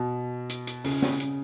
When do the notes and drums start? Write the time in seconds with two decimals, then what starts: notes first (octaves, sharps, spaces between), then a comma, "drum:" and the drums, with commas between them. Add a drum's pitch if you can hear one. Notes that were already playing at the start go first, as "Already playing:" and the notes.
Already playing: B2
0.49 drum: hi-hat
0.67 drum: hi-hat
0.84 C#3, drum: open hi-hat
1.02 drum: snare
1.20 drum: hi-hat